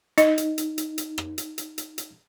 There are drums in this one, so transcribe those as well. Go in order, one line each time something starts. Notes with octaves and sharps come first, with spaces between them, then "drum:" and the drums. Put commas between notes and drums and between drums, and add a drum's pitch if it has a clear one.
D#4 D#5, drum: hi-hat
drum: hi-hat
drum: hi-hat
drum: hi-hat
drum: hi-hat
drum: rim click
drum: hi-hat
drum: hi-hat
drum: hi-hat
drum: hi-hat